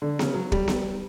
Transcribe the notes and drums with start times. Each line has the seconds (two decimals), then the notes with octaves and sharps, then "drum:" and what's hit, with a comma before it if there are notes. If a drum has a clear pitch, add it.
0.02 D3
0.19 C#3, drum: snare B3
0.34 F#3
0.52 G3, drum: kick
0.68 drum: snare B3